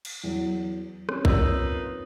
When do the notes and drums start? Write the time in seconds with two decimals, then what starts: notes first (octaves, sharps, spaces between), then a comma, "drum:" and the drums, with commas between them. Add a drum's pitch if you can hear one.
0.05 drum: cymbal
0.24 E2 F#3
1.09 C4 C#4, drum: rim click
1.25 D#4 F4 A#4 B4 C#5, drum: kick